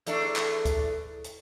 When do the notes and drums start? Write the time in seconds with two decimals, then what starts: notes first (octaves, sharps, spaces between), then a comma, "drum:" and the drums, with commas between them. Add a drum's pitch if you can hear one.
0.06 E2 A3 D4, drum: hi-hat
0.36 drum: clap
0.65 drum: kick, hi-hat
1.24 drum: hi-hat